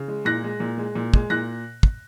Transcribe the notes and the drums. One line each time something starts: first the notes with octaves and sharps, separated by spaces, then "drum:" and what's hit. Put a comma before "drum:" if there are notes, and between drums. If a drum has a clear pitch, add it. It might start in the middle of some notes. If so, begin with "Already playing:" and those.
Already playing: C#3
G#3
A#2 F#6 A#6
G#3
A#2
G#3
A#2
G#3, drum: kick
A#2 F#6 A#6
drum: kick